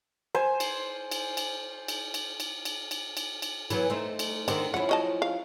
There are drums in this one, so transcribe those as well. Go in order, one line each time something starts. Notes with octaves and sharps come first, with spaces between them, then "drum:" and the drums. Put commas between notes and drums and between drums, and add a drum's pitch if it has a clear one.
C5 G#5
drum: cymbal
drum: cymbal
drum: cymbal
drum: cymbal
drum: cymbal
drum: cymbal
drum: cymbal
drum: cymbal
drum: cymbal
drum: cymbal
E3 F#3 B3, drum: cymbal
A3 C4 D#4
drum: cymbal
D3 D#3 C4, drum: cymbal
F3 C#4 E4 F#5
F#3 D#5 A5
F5